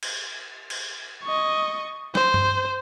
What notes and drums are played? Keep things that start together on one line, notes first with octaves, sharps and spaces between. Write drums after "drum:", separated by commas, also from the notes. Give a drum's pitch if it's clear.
drum: cymbal
drum: cymbal
D#5 C#6
C5, drum: snare
drum: tom G2